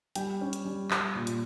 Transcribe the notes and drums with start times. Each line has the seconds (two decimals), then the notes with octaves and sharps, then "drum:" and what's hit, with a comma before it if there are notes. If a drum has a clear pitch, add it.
0.16 G3 G5, drum: hi-hat
0.41 C#4
0.53 drum: hi-hat
0.65 G3
0.91 G3, drum: clap
1.15 A#2
1.27 drum: hi-hat